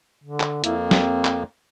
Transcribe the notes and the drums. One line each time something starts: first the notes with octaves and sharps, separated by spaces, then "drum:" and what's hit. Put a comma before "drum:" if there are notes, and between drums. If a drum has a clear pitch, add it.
D3
drum: clap
F2 A#3 E4, drum: hi-hat
C4
drum: snare
drum: clap